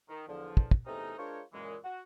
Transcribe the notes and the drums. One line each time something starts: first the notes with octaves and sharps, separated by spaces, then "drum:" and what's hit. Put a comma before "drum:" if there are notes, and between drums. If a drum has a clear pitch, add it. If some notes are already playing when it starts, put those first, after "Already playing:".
D#3
E2 D3 F3
drum: kick
drum: kick
E2 C3 A3 C4 C#4 D#4
G#3 D4 F4 A#4 C5 C#5
F#2 A#2 E3 G#3
F#4